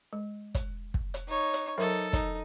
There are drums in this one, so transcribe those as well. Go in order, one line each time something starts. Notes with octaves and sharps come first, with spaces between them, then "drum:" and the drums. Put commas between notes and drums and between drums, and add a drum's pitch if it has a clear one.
G#3
drum: kick, hi-hat
drum: kick
drum: hi-hat
D#4 C#5
drum: hi-hat
F#3 D#4 A4 A#4 E5
D#4, drum: kick, hi-hat